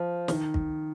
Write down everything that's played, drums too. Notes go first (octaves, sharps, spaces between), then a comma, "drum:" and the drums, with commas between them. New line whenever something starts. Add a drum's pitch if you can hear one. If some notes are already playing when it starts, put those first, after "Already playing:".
Already playing: F3
D#3, drum: snare
drum: kick